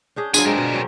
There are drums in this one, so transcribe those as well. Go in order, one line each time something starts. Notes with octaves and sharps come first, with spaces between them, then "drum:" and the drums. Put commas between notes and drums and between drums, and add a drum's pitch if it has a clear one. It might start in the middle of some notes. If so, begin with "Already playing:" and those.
C#4 D4 G#4 G6
F#3 D4 F4 G#4 G#5, drum: tambourine
D3 G#3 C4 A#4
B2
F#3 C4 C#4